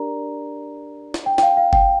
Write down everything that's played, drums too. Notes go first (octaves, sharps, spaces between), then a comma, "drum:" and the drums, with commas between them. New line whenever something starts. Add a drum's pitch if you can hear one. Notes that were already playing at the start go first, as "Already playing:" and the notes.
Already playing: D4 G4 A#4 D5 A#5
drum: snare
G5
G5, drum: snare
F5
F5
G5, drum: kick F#1